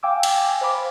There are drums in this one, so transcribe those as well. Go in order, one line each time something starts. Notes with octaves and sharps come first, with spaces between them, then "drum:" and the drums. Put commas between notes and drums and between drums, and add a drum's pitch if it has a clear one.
F5 G5 G#5 D6 E6
drum: cymbal
C5 F5 B5 D6